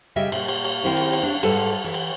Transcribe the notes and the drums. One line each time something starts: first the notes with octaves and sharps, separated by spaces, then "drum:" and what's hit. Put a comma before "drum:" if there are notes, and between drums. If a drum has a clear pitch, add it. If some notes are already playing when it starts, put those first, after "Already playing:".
C#3 G3 G4 D#5 E5
A#2, drum: cymbal
drum: cymbal
drum: cymbal
D#3 C4 E4 G4 C5
drum: cymbal
drum: cymbal
D4
G#2 G3 A4 B4 F#5 A5, drum: cymbal
E3
drum: cymbal